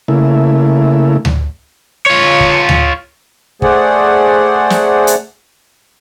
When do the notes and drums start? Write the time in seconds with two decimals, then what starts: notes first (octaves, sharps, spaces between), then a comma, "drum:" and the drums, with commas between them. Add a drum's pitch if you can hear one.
0.08 C#3 A3 A#3 E4
1.25 drum: tom D2
2.06 F4 C#5
2.40 drum: kick
2.69 drum: tom D2
3.62 A3 G#4 C5 D5 F#5, drum: kick
4.70 drum: snare
5.07 drum: hi-hat